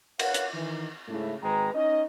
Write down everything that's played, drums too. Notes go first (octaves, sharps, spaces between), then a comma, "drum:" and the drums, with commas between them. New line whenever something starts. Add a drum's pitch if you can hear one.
A#4 B4 C#5 F5 F#5, drum: cymbal
drum: hi-hat
D#3 E3
G#2 C#3 A3 E4
G#1 G#3 B4 G5 A#5
C#4 D#4 D#5